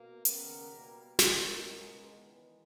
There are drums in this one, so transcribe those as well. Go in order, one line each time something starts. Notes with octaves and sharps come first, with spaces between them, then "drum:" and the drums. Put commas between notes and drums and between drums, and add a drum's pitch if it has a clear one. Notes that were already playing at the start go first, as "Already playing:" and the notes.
Already playing: B2 A#3
D#2 C#3 G3 B3 A#4, drum: hi-hat
B2 G3 A#3
C#2 B2 G#3 A#4, drum: snare
C#2 B2 G#3
E2 D#3 G#3 B3